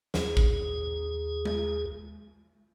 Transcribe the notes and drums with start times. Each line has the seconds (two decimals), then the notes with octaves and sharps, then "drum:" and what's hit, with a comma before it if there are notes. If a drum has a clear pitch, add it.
0.14 D#2 G#4, drum: snare
0.37 drum: kick A1
1.45 drum: tom G#3